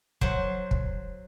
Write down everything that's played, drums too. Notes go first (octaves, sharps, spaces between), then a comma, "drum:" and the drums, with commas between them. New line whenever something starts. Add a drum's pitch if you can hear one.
F#3 C5, drum: kick
drum: kick